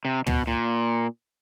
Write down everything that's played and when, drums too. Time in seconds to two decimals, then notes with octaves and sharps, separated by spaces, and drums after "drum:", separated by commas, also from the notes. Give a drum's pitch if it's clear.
0.05 C3
0.27 B2, drum: tom
0.47 A#2